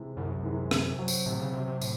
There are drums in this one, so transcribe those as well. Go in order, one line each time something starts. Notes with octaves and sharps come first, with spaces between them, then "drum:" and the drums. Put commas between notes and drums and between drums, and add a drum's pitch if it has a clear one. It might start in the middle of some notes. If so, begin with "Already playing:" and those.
Already playing: C3 E3 G#3
C2 F#2
C3 E3 G#3
C3, drum: rim click
F#3 C4
drum: tambourine
A2 C3
C#3
C3 F#3 C4
C3
A2, drum: tambourine